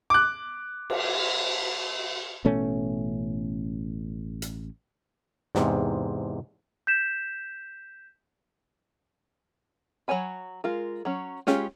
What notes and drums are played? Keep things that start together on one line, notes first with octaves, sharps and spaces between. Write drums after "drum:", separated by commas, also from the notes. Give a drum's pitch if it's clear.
D6 F#6
drum: cymbal
A1 B2 A3 C#4
drum: hi-hat
E2 G#2 C3, drum: snare
G6 B6 E7
F#3 C5 C#5 G#5 B5
G#3 F4 A#4
F#3 C#4
G#3 C#4 F4 G4 G#4, drum: snare